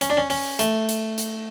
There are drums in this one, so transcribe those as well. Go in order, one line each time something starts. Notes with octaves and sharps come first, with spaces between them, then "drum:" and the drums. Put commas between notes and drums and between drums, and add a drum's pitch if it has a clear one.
C#4, drum: hi-hat
D4
C#4
C#4, drum: open hi-hat
A3, drum: hi-hat
drum: hi-hat
drum: hi-hat